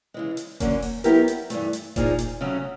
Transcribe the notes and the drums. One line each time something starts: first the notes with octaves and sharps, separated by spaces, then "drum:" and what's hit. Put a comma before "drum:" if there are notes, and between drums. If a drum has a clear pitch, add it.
C#3 E3 G#3
drum: hi-hat
D3 F#3 A#3 C#4, drum: kick F1, hi-hat
drum: open hi-hat
F#3 B3 E4 G4 A#4, drum: hi-hat
drum: hi-hat
G2 E3 A3, drum: hi-hat
drum: hi-hat
A#2 F3 A#3 D#4 G#4, drum: kick F1, hi-hat
drum: hi-hat
C#3 F#3 A3 C#4